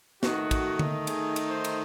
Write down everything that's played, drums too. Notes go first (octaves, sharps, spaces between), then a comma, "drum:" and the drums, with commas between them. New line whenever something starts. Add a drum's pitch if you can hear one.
D#3 A3 D#4 F#4, drum: snare
drum: kick, cymbal
drum: tom D3
G#4, drum: cymbal
drum: cymbal
C5
drum: cymbal